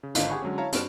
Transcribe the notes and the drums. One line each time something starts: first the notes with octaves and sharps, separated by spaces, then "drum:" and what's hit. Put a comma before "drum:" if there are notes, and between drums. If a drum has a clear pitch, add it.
C#3
G#1 D3 F4 D#5 F5, drum: hi-hat
G4 G#4 F#5 G#5 B5 C#6
D3 F#3 G#3 C#4
E4 C#5 F5 A5 A#5
G2 C4 F#4 F6 D7 E7, drum: hi-hat